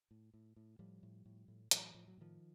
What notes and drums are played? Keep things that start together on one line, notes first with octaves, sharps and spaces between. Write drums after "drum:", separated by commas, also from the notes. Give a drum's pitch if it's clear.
A2
A2
A2
A2 F3 G3
A2
A2
A2
A2 E3 F#3, drum: hi-hat
A2 F3
F#3
A2 D#3 F3